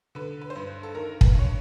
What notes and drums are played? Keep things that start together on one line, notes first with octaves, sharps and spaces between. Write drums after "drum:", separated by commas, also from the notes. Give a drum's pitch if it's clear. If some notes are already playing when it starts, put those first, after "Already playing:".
D3 B4
B4
C5
G2 B4
A4
D#3 A#4
B4, drum: kick
G2 C#5